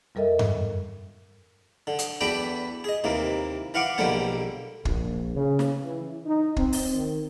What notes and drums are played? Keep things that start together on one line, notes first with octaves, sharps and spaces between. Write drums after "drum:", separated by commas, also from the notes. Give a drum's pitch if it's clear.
F2 G3 A4 A#4 D#5 E5
drum: tom G2
D3
drum: hi-hat
E2 B3 D4 F#4 B4 G5
G#4 D#5
D#2 C3 E3 A#3
E3 F5 F#5 C#6 D6
A#1 B2 D3 G3 A#3 C5
A#1, drum: kick
C#3
drum: snare
E3
D#4
C4, drum: kick
drum: open hi-hat
D#3